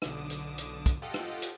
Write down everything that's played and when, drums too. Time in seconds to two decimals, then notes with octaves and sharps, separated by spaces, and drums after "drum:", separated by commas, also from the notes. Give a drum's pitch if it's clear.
0.02 B1 D3 D6 D#6 E7, drum: rim click
0.30 drum: hi-hat
0.58 drum: hi-hat
0.86 drum: kick, hi-hat
1.02 F4 G4 A4 D#5 F#5 G5
1.14 drum: rim click
1.42 drum: hi-hat